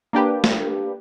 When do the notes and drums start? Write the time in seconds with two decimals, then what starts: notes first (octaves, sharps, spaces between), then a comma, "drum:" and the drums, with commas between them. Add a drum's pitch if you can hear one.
0.13 A#3 D4 G4 B4
0.44 drum: snare